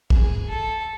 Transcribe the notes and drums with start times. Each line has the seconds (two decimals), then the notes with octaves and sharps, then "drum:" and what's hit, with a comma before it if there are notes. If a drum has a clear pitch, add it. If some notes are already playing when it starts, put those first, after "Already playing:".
0.10 G#4, drum: kick
0.48 A4